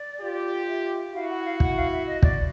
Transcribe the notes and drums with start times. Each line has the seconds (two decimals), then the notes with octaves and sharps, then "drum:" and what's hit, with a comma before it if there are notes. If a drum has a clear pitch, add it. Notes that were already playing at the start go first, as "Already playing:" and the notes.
Already playing: D5
0.21 F4 G4
0.68 E5
1.14 E4 F#4 F5
1.30 F#5
1.45 F5
1.60 F#5, drum: kick
1.76 F5
1.92 E5
2.07 D#5
2.23 D5, drum: kick